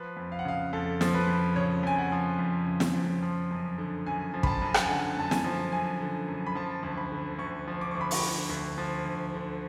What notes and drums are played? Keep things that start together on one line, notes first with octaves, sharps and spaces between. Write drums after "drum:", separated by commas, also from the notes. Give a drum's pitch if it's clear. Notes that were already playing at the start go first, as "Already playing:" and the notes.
Already playing: F3 B4
F2
F5
F#5
C#3 F5
F2 A4
F3, drum: snare
B4
F2
C#3 C#5
F2 G#5
F#5
F3
F2
C#3
drum: snare
F2
F3
F#2
D3
F#2 G#5
F3
B5, drum: kick
A5
F#2
A5, drum: rim click
G#5
D3 F#5
F#2 A5
G#5, drum: snare
F3
F#2 G#5
D3
F#2
B5
F3 A5
D2
B5
D3
D2 C#6
F3
D6
D2 C#6
B5
C#6, drum: open hi-hat
D3
D2
F3
D2
D3